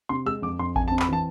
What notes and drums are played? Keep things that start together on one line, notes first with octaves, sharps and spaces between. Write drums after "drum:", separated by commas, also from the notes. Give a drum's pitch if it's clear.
C3 C6
G#3 E6
F2 D6
F2 C6
F2 G#5, drum: kick A1
A5
C4
B5, drum: clap
E3 A5